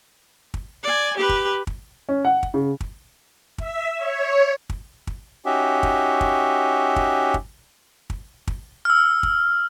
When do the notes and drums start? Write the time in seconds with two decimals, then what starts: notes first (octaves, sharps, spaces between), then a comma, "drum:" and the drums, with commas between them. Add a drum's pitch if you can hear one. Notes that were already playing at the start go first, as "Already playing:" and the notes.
0.54 drum: kick
0.83 D5 G#5
1.17 G4 B4
1.29 drum: kick
1.67 drum: kick
2.09 C#4
2.25 F#5
2.43 drum: kick
2.54 C#3
2.81 drum: kick
3.58 E5, drum: kick
3.97 C#5
4.70 drum: kick
5.07 drum: kick
5.46 C#4 D#4 F#4 G4 E5
5.83 drum: kick
6.21 drum: kick
6.96 drum: kick
7.34 drum: kick
8.10 drum: kick
8.47 drum: kick
8.85 E6 F6
9.23 drum: kick